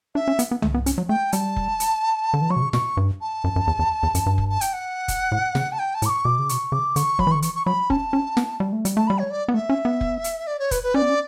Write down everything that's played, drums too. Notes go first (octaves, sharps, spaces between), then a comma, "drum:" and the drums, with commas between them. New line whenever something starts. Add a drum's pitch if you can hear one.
D4 E5
C#4
B3, drum: hi-hat
B3
A3, drum: tom C2
B3
C#4, drum: hi-hat
F#3
A3 G5
G3 A5, drum: hi-hat
drum: kick F1
drum: hi-hat
D3
E3
F#3 C#6
B2
C#3
B2 C#6, drum: snare
G2
A5
F#2
F#2
E2
E2
E2
F#2, drum: hi-hat
G2
drum: kick F1
A5
G5, drum: hi-hat
F#5
drum: kick F1, hi-hat
A2
C#3, drum: snare
A5
G5
A5
A2, drum: hi-hat
D6
C#6
B2 D6
C#3
B2 C#6, drum: hi-hat
C#3 D6
D3 C#6, drum: hi-hat
F#3 B5, drum: kick F1
E3
C#6
D3
E3 C#6, drum: hi-hat
C#6
F#3 B5
C#4 A5, drum: kick F1
C#4
B3, drum: snare
G3
A3
G3, drum: hi-hat
A3 A5
G3 B5
C#5
D5
B3
A3 E5
C#4
B3
drum: kick F1
drum: hi-hat
D5
C#5
B4, drum: kick F1, hi-hat
B4
C#4 D5
B3
C#4